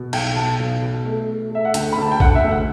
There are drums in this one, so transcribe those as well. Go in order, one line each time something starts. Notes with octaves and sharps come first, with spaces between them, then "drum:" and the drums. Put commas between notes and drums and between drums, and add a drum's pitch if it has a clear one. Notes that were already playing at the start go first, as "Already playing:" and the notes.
Already playing: B2
B1 G5, drum: cymbal
B2 A5
B1
B2
A3
A3
A3 E5
F#5
D2 G5, drum: hi-hat
B5
D2 A5
G5
D2 F#5, drum: kick A#1
E5
D2
F#5